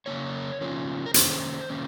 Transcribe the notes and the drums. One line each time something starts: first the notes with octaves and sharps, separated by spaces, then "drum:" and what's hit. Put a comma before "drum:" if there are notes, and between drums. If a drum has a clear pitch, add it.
C#3 F3 A#3 C#4 C#5
C#3 F3 A#3 C#4
A#4
C3 D#3 A#3 C#4 C5, drum: hi-hat
C3 D#3 A#3 C#4